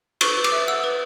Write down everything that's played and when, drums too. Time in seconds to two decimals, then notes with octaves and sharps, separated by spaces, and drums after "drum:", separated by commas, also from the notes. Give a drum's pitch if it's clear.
0.21 B4 C#6, drum: cymbal
0.37 B4
0.44 D6, drum: cymbal
0.52 E5
0.68 F#5 E6
0.84 B4